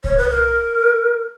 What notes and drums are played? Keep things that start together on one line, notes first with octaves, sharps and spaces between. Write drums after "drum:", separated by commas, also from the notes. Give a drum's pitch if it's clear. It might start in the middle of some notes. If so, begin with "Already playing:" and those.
C#5, drum: kick C2
B4
A#4